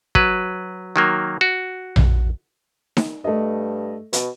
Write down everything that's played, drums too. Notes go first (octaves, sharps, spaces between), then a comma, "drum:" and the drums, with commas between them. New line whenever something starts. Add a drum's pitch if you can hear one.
F#3 B4, drum: kick
D#3 F#3 A#3
F#4
drum: tom A#1
drum: snare D#4
G2 A3 D#5
B2, drum: hi-hat